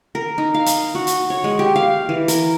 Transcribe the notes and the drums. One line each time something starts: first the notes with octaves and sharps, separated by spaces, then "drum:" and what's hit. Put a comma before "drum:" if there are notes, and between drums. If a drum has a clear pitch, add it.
A#4
D#4
F5
drum: hi-hat
F#4
drum: hi-hat
C#5
G#3
G4
F5
E3
A#4, drum: hi-hat